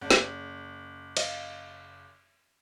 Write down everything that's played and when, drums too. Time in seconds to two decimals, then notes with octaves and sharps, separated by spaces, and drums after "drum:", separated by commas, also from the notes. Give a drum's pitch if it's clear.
0.01 F#1
0.10 drum: snare
1.17 D#5 F5, drum: cymbal